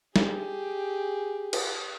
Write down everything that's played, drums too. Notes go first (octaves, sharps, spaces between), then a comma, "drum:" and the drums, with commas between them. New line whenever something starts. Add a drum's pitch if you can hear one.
G4 G#4, drum: snare
drum: cymbal